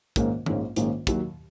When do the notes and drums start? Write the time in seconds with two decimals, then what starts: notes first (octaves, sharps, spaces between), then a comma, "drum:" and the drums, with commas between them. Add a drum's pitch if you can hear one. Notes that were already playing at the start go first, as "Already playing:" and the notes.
0.16 A#1 G#2 D#3 A#3 C#4, drum: kick, hi-hat
0.46 A#1 G#2 D#3 A#3 C#4, drum: tom D#3
0.76 A#1 G#2 D#3 A#3 C#4, drum: hi-hat
1.07 D#2 D#3 F#3, drum: kick, hi-hat